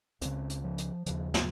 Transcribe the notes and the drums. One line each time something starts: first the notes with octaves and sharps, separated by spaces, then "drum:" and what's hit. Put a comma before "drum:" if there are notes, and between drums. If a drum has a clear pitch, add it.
C#2 C#3 C4, drum: hi-hat
drum: hi-hat
F3
drum: hi-hat
D#2 C#3 F3, drum: hi-hat
F#3, drum: snare